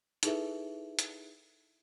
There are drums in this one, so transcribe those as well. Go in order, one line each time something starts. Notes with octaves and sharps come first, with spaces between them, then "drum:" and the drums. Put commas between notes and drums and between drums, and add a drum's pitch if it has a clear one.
D#4 E4 G#4 A4 B4 E5, drum: hi-hat
drum: hi-hat